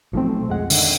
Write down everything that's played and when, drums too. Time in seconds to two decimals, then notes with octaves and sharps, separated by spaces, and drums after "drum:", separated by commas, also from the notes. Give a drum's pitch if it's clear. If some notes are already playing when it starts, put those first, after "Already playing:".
0.13 B1 F3 A3 C4
0.49 F2 G#3 F#5
0.70 D3 D#3, drum: open hi-hat